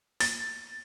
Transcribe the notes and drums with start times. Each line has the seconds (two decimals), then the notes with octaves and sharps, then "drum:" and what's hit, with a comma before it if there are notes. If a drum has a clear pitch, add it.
0.20 A6, drum: open hi-hat